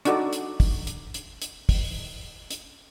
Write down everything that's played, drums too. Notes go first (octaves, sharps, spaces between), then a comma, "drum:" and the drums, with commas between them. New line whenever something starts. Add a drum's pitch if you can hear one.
D4 D#4 F#4 A4 D5, drum: hi-hat
drum: hi-hat
drum: kick, open hi-hat
drum: hi-hat
drum: hi-hat
drum: hi-hat
drum: kick, open hi-hat
drum: hi-hat